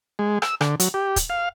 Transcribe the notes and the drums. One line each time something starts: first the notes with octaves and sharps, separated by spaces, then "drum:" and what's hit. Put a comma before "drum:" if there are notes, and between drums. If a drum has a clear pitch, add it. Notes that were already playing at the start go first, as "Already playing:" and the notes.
G#3
E6, drum: rim click
D3, drum: rim click
F#3, drum: hi-hat
G4
drum: kick, hi-hat
F5